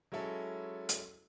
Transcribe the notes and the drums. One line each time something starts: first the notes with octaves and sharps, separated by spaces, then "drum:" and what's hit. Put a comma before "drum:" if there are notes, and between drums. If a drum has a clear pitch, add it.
F#3 G#3 C#4 E4 A4 C#5
drum: hi-hat